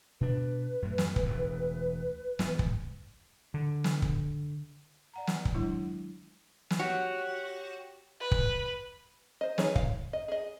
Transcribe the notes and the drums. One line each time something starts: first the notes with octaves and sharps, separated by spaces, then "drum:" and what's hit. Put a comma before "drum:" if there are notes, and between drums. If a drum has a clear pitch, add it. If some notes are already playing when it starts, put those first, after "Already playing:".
B2 D4 B4
F#2 A2
drum: snare
drum: kick
E1 D2
G#2 E3 B3, drum: snare
drum: kick
D3
drum: snare
drum: kick
D5 F#5 A#5
drum: snare
drum: kick
D#3 F#3 G#3 D4 E4
drum: snare
F#4 G4 C#5 F#5
B4
drum: kick
C5 D#5
C#4 D#4 G#4 B4 C#5, drum: snare
F5, drum: kick
D#5
G#4 D#5